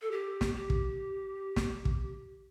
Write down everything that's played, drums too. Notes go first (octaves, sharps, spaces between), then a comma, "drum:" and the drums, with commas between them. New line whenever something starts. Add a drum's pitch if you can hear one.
A4
G4
drum: snare
G4
drum: kick
drum: snare
drum: kick